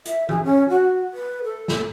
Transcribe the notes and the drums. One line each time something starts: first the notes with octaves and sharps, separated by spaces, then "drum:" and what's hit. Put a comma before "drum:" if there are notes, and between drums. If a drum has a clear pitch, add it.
E5, drum: hi-hat
G#4, drum: tom E3
C#4
F#4
B4
A4
drum: snare